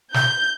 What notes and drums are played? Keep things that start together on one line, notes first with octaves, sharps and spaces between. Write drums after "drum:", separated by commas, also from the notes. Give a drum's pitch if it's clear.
G6, drum: snare